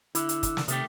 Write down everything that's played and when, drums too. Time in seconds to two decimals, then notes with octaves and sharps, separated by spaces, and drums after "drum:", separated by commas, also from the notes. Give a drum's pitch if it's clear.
0.15 D3 E4, drum: hi-hat
0.29 drum: hi-hat
0.43 drum: kick, hi-hat
0.57 drum: snare
0.68 C3 D#3 A3 G4, drum: hi-hat